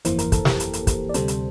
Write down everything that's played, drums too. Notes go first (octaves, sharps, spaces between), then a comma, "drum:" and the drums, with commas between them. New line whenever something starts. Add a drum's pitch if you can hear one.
G1 F2 E3 A#3 C5, drum: hi-hat
A#4, drum: hi-hat
A4, drum: kick, hi-hat
G4 A#4, drum: snare
drum: hi-hat
drum: hi-hat
drum: kick, hi-hat
D5
D2 C3 G3 C4 A4 C5, drum: hi-hat
drum: hi-hat